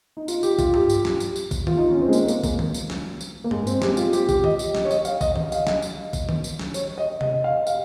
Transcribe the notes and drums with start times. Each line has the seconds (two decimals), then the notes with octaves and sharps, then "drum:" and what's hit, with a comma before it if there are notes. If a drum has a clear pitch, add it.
0.17 D#4
0.28 F4, drum: tambourine
0.43 G4, drum: tambourine
0.59 F4, drum: kick A#1, tambourine
0.74 G4, drum: tom G2
0.90 drum: tambourine
1.05 drum: snare
1.20 drum: tambourine
1.36 drum: tambourine
1.51 drum: kick A#1, tambourine
1.67 F4, drum: tom D#3
1.78 D#4
1.90 C#4
2.02 C4
2.09 G#3
2.13 A#3, drum: tambourine
2.28 A#3, drum: tambourine
2.43 A#3, drum: kick A#1, tambourine
2.59 drum: tom D#3
2.74 drum: tambourine
2.90 drum: snare
3.21 drum: tambourine
3.44 A#3
3.51 G#3, drum: tom G2
3.67 C4, drum: tambourine
3.82 G4, drum: snare
3.97 F4, drum: tambourine
4.13 G4, drum: tambourine
4.29 G4, drum: kick A#1, tambourine
4.44 D#5, drum: tom D#3
4.59 drum: tambourine
4.75 drum: snare
4.85 C#5
4.91 D#5, drum: tambourine
5.05 F5, drum: tambourine
5.21 D#5, drum: kick A#1, tambourine
5.36 D#5, drum: tom D#3
5.52 F5, drum: tambourine
5.67 D#5, drum: snare
5.82 drum: tambourine
6.13 drum: kick A#1, tambourine
6.29 drum: tom D#3
6.44 drum: tambourine
6.59 drum: snare
6.74 C#5, drum: tambourine
6.98 D#5
7.21 D#5, drum: tom C3
7.44 F5
7.67 F5, drum: tambourine